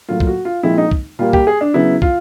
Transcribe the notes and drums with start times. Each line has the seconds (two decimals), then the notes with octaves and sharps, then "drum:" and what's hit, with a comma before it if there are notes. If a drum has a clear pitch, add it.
0.09 A2 F#3 A#3 F4
0.20 F4, drum: kick
0.27 F#4
0.45 F4
0.63 A#2 F3 G#3 C4 E4
0.78 D#4
0.91 drum: kick
1.19 A#2 G3 A#3 F4
1.33 G4, drum: kick
1.47 G#4
1.61 D4
1.74 C#3 F#3 B3 E4
2.02 F4, drum: kick